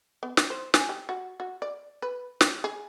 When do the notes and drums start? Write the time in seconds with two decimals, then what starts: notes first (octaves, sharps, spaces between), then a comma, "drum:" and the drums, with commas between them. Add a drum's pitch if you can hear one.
0.23 B3
0.37 D#4, drum: snare
0.50 C5
0.74 G#5, drum: snare
0.89 G4
1.09 F#4
1.40 F#4
1.62 D5
2.02 B4
2.41 G4, drum: snare
2.64 G#4